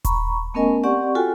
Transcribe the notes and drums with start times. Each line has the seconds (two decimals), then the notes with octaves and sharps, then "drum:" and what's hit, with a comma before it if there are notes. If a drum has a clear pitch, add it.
0.05 A#5 B5 C#6, drum: kick D#1, hi-hat
0.54 A3 B3 C#4 A#4 D#5 G#5
0.84 C4 G4 D5 F#5 C#6
1.15 F4 F#4 A4 G5 G#5